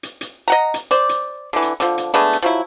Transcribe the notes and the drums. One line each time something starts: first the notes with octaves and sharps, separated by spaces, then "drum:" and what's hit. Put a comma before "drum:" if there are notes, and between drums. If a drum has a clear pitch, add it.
drum: hi-hat
drum: hi-hat
D#5 F#5 A#5
drum: hi-hat
C5 D5, drum: hi-hat
drum: hi-hat
D3 E3
drum: hi-hat
D3 F3, drum: hi-hat
drum: hi-hat
G#3 A3 B3 D4, drum: hi-hat
drum: hi-hat
F3 F#3 E4